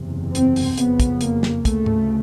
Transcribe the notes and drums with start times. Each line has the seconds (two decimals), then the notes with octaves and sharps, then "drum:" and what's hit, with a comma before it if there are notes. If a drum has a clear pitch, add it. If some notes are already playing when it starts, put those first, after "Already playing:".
Already playing: F#1 E2 C3
0.35 C4, drum: hi-hat
0.56 drum: open hi-hat
0.78 F#1 F2 C#3 B3, drum: hi-hat
1.00 drum: kick, hi-hat
1.21 A#3, drum: hi-hat
1.43 drum: snare
1.65 D2 C#3 A3, drum: kick, hi-hat
1.86 drum: tom G#2